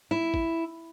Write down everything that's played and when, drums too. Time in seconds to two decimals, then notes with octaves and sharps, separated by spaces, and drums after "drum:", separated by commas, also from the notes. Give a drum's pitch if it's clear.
0.11 E4
0.34 drum: kick